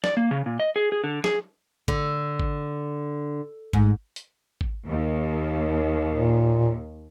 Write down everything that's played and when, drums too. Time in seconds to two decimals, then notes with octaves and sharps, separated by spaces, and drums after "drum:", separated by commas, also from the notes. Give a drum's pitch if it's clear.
0.04 D5, drum: snare
0.17 A#3
0.31 C#3
0.46 A#2
0.60 D#5
0.76 G#4
0.92 G#4
1.04 D3
1.24 G#4, drum: snare
1.88 D3, drum: kick G#1
2.40 drum: kick G#1
3.73 G#2, drum: kick G#1
4.16 drum: hi-hat
4.61 drum: kick G#1
4.87 D#2
6.12 A#2